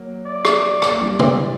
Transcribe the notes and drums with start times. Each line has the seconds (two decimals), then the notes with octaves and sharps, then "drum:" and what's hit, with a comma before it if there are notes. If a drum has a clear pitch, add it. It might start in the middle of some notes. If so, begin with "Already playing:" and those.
Already playing: F#3 A#3
0.26 D5
0.45 drum: rim click
0.82 drum: rim click
0.91 A#3
1.00 E3 G3 D5
1.19 drum: tom